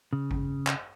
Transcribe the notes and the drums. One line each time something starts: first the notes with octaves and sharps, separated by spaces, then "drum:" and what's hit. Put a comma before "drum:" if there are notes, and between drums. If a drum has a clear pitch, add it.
C#3
drum: kick G#1
drum: clap